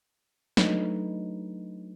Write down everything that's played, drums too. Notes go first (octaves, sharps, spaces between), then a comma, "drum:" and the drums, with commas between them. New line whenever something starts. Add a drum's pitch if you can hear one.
F#3 A3 D4 D#4 B4, drum: snare